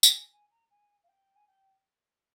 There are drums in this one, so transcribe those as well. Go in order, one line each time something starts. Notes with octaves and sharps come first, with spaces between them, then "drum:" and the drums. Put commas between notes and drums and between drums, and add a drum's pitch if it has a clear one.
drum: tambourine
G#5
G#5
A#5
G#5
F5
G5
G#5
G5